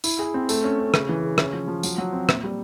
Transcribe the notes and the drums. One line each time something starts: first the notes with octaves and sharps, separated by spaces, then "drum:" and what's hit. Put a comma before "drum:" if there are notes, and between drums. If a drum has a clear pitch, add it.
E4, drum: tambourine
G#4
C4
A3, drum: tambourine
C#4
C#4
C#3, drum: rim click
E3
C#3
C#4, drum: rim click
F3
F3
F#3, drum: tambourine
F#3
C4
A#2, drum: rim click
G3